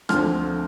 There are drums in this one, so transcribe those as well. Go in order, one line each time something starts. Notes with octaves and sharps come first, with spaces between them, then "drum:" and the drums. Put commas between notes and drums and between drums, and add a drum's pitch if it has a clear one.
D2 D3 F3 C4 F6, drum: rim click